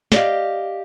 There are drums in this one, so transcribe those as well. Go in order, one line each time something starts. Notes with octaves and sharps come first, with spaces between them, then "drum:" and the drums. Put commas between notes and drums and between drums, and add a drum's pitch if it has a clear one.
G4 D5 D#5 F5, drum: snare